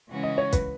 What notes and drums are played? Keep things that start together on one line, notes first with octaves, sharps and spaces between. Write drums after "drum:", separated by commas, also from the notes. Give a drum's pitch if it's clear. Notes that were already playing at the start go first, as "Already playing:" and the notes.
C#3 E3 G#3 C#4 F#4
D#5
C#5
B4, drum: kick, hi-hat